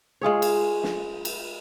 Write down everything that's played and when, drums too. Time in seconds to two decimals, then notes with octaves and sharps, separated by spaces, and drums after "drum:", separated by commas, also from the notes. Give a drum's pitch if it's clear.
0.21 G#3 F4 G#4 C#5
0.42 drum: cymbal
0.84 drum: snare
1.25 drum: cymbal